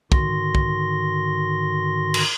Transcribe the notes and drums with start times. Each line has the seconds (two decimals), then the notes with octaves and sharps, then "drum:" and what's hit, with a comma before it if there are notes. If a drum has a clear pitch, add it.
0.12 G#2 D3 D#3 F#4 C6 A#6, drum: kick
0.55 drum: kick
2.14 drum: cymbal